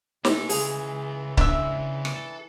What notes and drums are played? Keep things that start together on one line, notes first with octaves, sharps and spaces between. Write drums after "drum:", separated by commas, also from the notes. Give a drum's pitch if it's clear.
C3 C5 G#5 E6, drum: snare
C#3 E3 G#3 G#4, drum: open hi-hat
C#2 G#3 D4 E5, drum: kick C#1
drum: rim click
A4